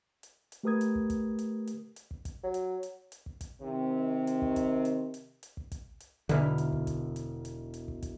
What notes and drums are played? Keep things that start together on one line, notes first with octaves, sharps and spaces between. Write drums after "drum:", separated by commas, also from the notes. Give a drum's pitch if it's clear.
drum: hi-hat
drum: hi-hat
A3 G4 A#4 B4 D#6 G#6
drum: hi-hat
drum: kick
drum: kick, hi-hat
drum: hi-hat
drum: hi-hat
drum: hi-hat
drum: kick
drum: kick, hi-hat
F#3
drum: hi-hat
drum: hi-hat
drum: hi-hat
drum: kick
drum: kick, hi-hat
C3 D#3 C4
drum: hi-hat
drum: kick
drum: kick, hi-hat
drum: hi-hat
drum: hi-hat
drum: hi-hat
drum: kick
drum: kick, hi-hat
drum: hi-hat
E1 D3 E3 B3 F6, drum: hi-hat
drum: hi-hat
drum: kick
drum: kick, hi-hat
drum: hi-hat
drum: hi-hat
drum: hi-hat
drum: kick
drum: kick, hi-hat